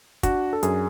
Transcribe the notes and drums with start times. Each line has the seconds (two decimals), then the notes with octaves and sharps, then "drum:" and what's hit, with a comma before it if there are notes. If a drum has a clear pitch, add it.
0.23 D4 F#4, drum: kick, hi-hat
0.53 A4
0.63 F#2 G#4, drum: hi-hat